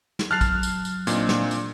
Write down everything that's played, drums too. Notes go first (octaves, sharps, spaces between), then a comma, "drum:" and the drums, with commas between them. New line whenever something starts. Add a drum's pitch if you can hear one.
drum: snare
F#3 A5 F6 F#6 A6 C7 F7
drum: kick, tambourine
drum: tambourine
drum: tambourine
A#2 C4 D4 D#4, drum: tambourine
drum: snare
drum: tambourine